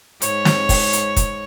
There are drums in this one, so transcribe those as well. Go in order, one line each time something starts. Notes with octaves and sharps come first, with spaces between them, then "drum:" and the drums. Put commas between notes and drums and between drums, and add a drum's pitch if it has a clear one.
G#2 C#5, drum: hi-hat
drum: snare
drum: kick, open hi-hat
drum: hi-hat
drum: kick, hi-hat